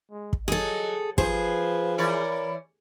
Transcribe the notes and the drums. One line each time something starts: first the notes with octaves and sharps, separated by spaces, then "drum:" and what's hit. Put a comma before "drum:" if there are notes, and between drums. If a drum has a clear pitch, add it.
G#3
drum: kick
F#3 G#4 A4 D#5
F3 G#4 B4 C5, drum: kick
E3 A#4 C#5 D5